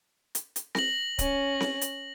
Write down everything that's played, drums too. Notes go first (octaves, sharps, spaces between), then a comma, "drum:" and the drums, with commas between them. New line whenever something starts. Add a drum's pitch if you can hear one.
drum: hi-hat
drum: hi-hat
A#6 F#7, drum: snare C4
C#4, drum: kick C#1, hi-hat
drum: snare C4
drum: hi-hat